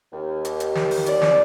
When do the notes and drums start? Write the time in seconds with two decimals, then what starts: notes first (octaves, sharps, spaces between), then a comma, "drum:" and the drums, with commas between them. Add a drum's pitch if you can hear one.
0.13 D#2
0.45 drum: hi-hat
0.60 drum: hi-hat
0.75 drum: snare
0.91 drum: open hi-hat
1.06 D5, drum: hi-hat
1.22 drum: snare